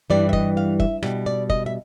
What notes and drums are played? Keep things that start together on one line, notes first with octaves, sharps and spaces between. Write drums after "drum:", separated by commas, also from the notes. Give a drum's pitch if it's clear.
G2 E3 G3 D5
E5
D#5, drum: kick
F5
E5, drum: kick
B2 G3, drum: rim click
D5
D#5, drum: kick
E5